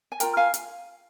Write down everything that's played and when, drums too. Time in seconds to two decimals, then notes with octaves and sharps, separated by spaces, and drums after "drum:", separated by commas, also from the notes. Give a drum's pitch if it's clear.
0.12 G#5
0.20 F4 A#4 G5 A#5, drum: hi-hat
0.37 F5 G#5
0.54 drum: hi-hat